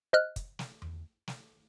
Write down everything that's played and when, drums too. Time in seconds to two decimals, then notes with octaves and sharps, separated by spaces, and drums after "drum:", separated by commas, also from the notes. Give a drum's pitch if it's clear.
0.13 C5 D#5 F6 F#6
0.36 drum: kick, hi-hat
0.59 drum: snare
0.82 drum: tom E2
1.28 drum: snare